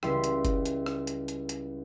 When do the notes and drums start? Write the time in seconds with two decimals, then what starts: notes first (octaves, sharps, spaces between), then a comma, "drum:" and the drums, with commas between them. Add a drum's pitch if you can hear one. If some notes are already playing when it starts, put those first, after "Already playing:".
0.03 C#2 G3 E4 G4 C6 B6, drum: rim click
0.24 drum: hi-hat
0.45 drum: kick F#1, hi-hat
0.66 drum: hi-hat
0.86 drum: rim click
1.07 drum: hi-hat
1.28 drum: hi-hat
1.49 drum: hi-hat